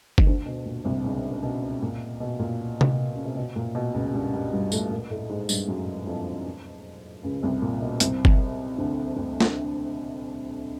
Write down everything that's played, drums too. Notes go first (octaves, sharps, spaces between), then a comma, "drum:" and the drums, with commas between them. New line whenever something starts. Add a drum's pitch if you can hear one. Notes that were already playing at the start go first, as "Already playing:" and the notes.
D#3, drum: kick G1
D2 D3
B2
A#2
C2 C3
C#2 C#3
B2
A#2
B2
A#2
drum: tom C3
C#3
C3
B2
A#2
B2
C#2 C#3
G2 G3
G2 G3
G2 G3
A2 A3, drum: tambourine
A#2 A#3
A2 A3
G#2 G#3
G2 G3, drum: tambourine
F#2 F#3
F2 F3
C#2 C#3
C2 C3
A#2
B2
C2 C3, drum: hi-hat
drum: kick G1
D2 D3
D2 D3
drum: snare